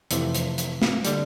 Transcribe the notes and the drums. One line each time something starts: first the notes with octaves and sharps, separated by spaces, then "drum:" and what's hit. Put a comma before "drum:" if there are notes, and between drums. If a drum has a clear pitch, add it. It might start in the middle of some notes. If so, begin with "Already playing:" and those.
F2 C3 E3 A3, drum: hi-hat
drum: hi-hat
drum: hi-hat
drum: snare
D3 G3, drum: hi-hat